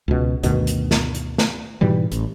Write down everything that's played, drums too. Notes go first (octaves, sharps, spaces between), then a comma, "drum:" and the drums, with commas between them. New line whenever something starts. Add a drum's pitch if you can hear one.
C#2 B2
D2 G2 B2 D#3, drum: hi-hat
drum: hi-hat
drum: snare
drum: hi-hat
drum: snare
G#2 B2 E3 G3
A1, drum: hi-hat